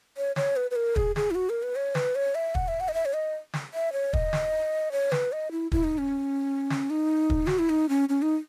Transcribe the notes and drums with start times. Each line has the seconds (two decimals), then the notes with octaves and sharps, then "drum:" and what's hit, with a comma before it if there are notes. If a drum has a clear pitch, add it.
0.17 C#5
0.36 C#5, drum: snare
0.56 B4
0.71 B4
0.76 A#4
0.96 G#4, drum: kick
1.16 G#4, drum: snare
1.31 E4
1.35 F#4
1.50 A#4
1.63 B4
1.76 C#5
1.95 B4, drum: snare
2.15 C#5
2.35 E5
2.55 F#5, drum: kick
2.68 E5
2.80 F#5
2.88 D#5
2.94 E5
3.05 C#5
3.14 D#5
3.54 drum: snare
3.74 E5
3.93 C#5
4.13 D#5, drum: kick
4.33 drum: snare
4.92 C#5
5.12 B4, drum: snare
5.32 D#5
5.52 E4
5.72 E4, drum: kick
5.84 D#4
5.98 C#4
6.70 drum: snare
6.90 D#4
7.30 drum: kick
7.47 F#4, drum: snare
7.59 E4
7.69 D#4
7.89 C#4
8.09 C#4
8.22 D#4